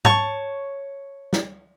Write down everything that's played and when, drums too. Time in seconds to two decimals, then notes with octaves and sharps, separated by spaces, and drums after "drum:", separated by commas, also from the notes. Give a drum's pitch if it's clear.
0.05 C#5 A5 C#6, drum: tom
1.33 drum: snare